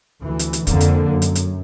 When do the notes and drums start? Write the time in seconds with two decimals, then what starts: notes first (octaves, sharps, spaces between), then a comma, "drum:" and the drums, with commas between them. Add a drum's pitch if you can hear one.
0.21 D2 E3
0.39 drum: hi-hat
0.53 drum: hi-hat
0.67 F2 D3 A#3, drum: kick, hi-hat
0.81 drum: hi-hat
1.12 F#2
1.22 drum: hi-hat
1.35 drum: hi-hat